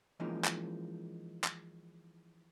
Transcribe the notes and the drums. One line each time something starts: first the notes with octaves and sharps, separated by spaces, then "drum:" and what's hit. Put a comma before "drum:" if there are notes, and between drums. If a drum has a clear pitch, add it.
E3 F3 G#3 A#3 C#4 D#4
drum: clap
drum: clap